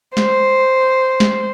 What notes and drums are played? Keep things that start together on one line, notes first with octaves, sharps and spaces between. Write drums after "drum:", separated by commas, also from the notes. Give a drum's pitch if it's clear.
C5, drum: snare
drum: snare